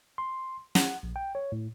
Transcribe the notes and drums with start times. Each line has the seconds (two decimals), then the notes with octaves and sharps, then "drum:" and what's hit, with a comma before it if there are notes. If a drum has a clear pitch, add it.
0.18 C6
0.75 F#5, drum: snare
1.03 A#1
1.16 G5
1.35 C#5
1.52 A2